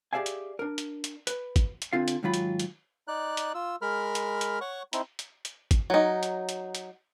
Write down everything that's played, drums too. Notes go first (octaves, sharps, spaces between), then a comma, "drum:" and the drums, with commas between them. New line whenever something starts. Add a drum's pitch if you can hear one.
G4 G#4 D5 E5 F5 G#5
drum: hi-hat
D4 A#4
drum: hi-hat
drum: hi-hat
B4, drum: hi-hat
drum: kick, hi-hat
drum: hi-hat
D3 C4 F4 F5
drum: hi-hat
G#2 D#3 F#3 F4 B5
drum: hi-hat
drum: hi-hat
D#4 D5 F#6
drum: hi-hat
F4 E6
G#3 A#4 B5 F6
drum: hi-hat
drum: hi-hat
C#5 F#5 C#6
C4 D#4 E4, drum: hi-hat
drum: hi-hat
drum: hi-hat
drum: kick, hi-hat
F#3 D#4
drum: hi-hat
drum: hi-hat
drum: hi-hat